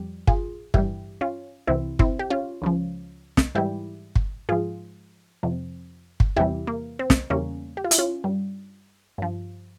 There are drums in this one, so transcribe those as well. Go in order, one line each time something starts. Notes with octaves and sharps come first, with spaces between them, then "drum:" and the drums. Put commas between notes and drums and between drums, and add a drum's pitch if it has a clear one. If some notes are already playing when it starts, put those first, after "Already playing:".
Already playing: F2 G3 G4
F4 G#4, drum: kick
G2 E3 G3 E4 G4, drum: kick
C#4 F4
C2 C3 E3 C4 E4
C4 E4, drum: kick
G4
C#4 F4
C#2 C#3 F3
drum: snare
G#2 E3 G3 E4 G4
drum: kick
G#2 F3 F4 G#4
F2 C3 F3
drum: kick
E2 C3 E3 G3 E4 G4
A#3
C4
drum: snare
E2 C#3 G3 A#3 C#4
G4
F4
E4, drum: hi-hat
C#4 F4
G2 G3
G2 F3